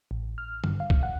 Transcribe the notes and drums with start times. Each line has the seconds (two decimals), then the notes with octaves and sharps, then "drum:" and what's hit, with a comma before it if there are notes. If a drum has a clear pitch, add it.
0.11 A1
0.38 F6
0.64 G2, drum: tom D3
0.80 F5
0.90 drum: kick
1.03 F#5